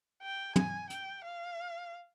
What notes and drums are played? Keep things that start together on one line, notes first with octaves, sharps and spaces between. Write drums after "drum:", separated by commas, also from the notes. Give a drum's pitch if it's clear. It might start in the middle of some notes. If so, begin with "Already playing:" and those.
G5
G#5, drum: tom
G5, drum: hi-hat
F5